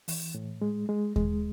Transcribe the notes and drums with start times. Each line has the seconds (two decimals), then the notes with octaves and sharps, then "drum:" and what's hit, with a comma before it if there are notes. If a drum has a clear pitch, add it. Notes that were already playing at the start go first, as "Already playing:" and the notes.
0.08 E3, drum: open hi-hat
0.34 A2
0.62 G#3
0.89 G#3
1.16 G#3, drum: kick D#2